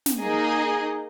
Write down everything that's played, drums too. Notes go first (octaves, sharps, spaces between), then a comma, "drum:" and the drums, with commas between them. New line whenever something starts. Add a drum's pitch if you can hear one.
drum: snare
A#3 D#4 G#4 D#5